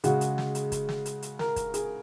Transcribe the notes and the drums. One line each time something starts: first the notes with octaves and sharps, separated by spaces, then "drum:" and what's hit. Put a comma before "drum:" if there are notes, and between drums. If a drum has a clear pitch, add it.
C#3 G#3 F#4, drum: hi-hat
drum: hi-hat
drum: snare
drum: hi-hat
drum: kick, hi-hat
drum: snare
drum: hi-hat
drum: hi-hat
A#4, drum: snare
drum: kick, hi-hat
G#4, drum: hi-hat